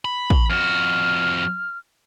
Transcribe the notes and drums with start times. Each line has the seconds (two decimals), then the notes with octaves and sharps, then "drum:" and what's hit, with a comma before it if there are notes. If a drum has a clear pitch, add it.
0.05 B5
0.30 drum: kick
0.50 F2 F#4 F6